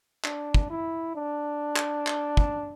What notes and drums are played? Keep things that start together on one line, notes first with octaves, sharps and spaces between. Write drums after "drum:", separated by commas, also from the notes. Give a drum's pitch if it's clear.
D4, drum: clap
drum: kick
E4
D4
drum: clap
drum: clap
drum: kick